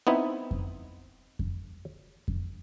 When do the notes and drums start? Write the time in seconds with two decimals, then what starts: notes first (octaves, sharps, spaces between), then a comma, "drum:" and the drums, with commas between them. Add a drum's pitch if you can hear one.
0.07 B3 C4 D#4 E4 E5
0.51 drum: kick F2
1.39 drum: kick F2
2.28 drum: kick F2